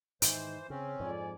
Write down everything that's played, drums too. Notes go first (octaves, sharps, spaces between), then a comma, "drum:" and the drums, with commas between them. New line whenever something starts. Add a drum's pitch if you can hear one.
G#2 D#3 E3 C5, drum: hi-hat
C#3 C4 C#4
F2 G#2 F3 D5 G#5